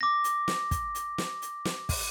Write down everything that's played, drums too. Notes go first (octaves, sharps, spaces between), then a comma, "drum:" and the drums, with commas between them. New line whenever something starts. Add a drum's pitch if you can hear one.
D6 A#6
drum: hi-hat
drum: snare
drum: kick, hi-hat
drum: hi-hat
drum: snare
drum: hi-hat
drum: snare
drum: kick, open hi-hat